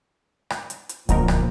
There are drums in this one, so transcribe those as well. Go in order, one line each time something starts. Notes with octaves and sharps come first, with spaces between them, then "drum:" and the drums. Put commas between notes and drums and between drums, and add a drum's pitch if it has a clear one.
drum: rim click
drum: hi-hat
drum: hi-hat
D1 A#2 F3 F#3 D#4 A#4, drum: kick C#2, hi-hat
drum: rim click